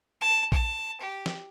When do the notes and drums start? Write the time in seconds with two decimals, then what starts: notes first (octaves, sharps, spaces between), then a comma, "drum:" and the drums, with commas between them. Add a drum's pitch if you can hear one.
0.21 A5
0.52 A5, drum: kick A#1
1.00 G4
1.26 drum: snare